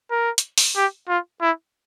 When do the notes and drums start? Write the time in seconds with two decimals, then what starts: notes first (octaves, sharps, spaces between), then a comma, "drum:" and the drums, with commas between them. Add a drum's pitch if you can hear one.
0.11 A#4
0.38 drum: hi-hat
0.58 drum: open hi-hat
0.76 G4
1.08 F4
1.41 E4